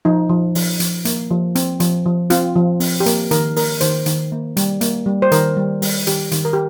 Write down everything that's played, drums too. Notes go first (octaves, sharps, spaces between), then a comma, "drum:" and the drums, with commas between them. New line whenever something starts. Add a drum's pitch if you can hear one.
F3 D#4
F3
F3, drum: open hi-hat
F3, drum: hi-hat
A#3, drum: hi-hat
F3
C4, drum: hi-hat
F3, drum: hi-hat
F3
C4 F4, drum: hi-hat
F3
C4, drum: open hi-hat
G4
A#3 A#4, drum: hi-hat
D#3 A#4, drum: hi-hat
A#3 A#4, drum: open hi-hat
D#3 C5, drum: hi-hat
D#3, drum: hi-hat
A#3
G3, drum: hi-hat
A#3, drum: hi-hat
G3
C5
D#3 A#4, drum: hi-hat
G3
G3, drum: open hi-hat
D#3 G4, drum: hi-hat
D#3, drum: hi-hat
A#4
G4